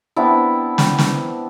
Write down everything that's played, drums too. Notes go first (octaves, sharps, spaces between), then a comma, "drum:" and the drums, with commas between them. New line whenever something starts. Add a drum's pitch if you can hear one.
B3 C4 D4 E4
drum: snare
drum: snare